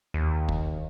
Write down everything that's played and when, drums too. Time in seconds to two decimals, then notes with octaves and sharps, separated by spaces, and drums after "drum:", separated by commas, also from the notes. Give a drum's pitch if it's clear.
0.14 D#2
0.49 drum: kick